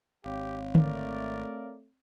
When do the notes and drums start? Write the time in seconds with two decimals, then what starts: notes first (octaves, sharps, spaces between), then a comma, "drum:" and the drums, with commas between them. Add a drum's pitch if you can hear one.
0.24 G#1 C4 G4 C#5 F5
0.75 A3 A#4 D5, drum: tom D3